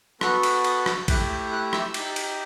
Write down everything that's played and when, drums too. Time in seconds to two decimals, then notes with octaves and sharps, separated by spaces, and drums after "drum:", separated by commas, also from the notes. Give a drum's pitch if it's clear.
0.21 B3 F#4 A4 F#6, drum: rim click
0.43 E6, drum: cymbal
0.64 D#6, drum: cymbal
0.86 E6, drum: rim click
0.99 G6
1.08 A3 E4 G4 F#6, drum: kick A#1, cymbal
1.29 G6
1.52 F#6
1.73 E6, drum: rim click
1.94 D#4 G4, drum: cymbal
2.16 drum: cymbal